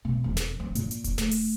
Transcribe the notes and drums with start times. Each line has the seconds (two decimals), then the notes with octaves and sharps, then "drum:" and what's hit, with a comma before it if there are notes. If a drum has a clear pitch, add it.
0.05 B2
0.24 E1 F2
0.37 drum: snare
0.60 C4
0.75 A#2, drum: hi-hat
0.91 drum: hi-hat
1.04 drum: kick E1, hi-hat
1.18 A3, drum: snare
1.31 drum: open hi-hat